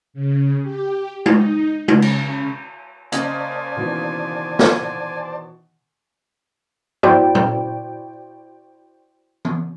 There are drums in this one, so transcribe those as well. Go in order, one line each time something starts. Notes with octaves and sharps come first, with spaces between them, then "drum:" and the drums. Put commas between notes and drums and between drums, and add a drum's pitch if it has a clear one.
C#3
G4
D#4, drum: tom G#3
C#3, drum: tom G#3
drum: cymbal
C#3 A#3 C5 D5 D#5 G#5 A5, drum: hi-hat
B2 D#3 E3
drum: snare
E4 F#4 C5 D5 G5, drum: tom
drum: tom A#2
drum: tom E3